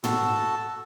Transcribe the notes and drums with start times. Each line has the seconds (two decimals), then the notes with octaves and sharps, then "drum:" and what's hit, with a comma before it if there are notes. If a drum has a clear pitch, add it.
0.04 F#4 A4 A5, drum: tom